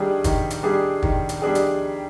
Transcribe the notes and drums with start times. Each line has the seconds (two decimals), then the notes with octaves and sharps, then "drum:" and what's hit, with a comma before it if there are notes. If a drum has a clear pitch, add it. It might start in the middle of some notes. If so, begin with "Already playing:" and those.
Already playing: D#3 G3 D4 G#4
0.24 D#3, drum: kick, hi-hat
0.50 drum: hi-hat
0.63 G3 D4 G#4
1.02 D#3, drum: kick
1.29 drum: hi-hat
1.42 G3 D4 G#4
1.55 drum: hi-hat